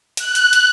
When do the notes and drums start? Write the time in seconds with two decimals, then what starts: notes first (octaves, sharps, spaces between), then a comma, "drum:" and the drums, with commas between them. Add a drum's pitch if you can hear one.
0.17 F#6, drum: hi-hat
0.35 drum: hi-hat
0.53 drum: hi-hat